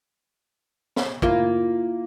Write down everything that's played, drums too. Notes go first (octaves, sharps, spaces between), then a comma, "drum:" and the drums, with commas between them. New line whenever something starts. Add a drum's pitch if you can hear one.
drum: snare
A#3 E4 F4, drum: kick